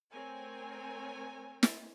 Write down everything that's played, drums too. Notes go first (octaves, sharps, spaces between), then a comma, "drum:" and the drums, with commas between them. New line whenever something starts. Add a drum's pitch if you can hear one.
A3 C4 A#4 C#5 G#5
drum: snare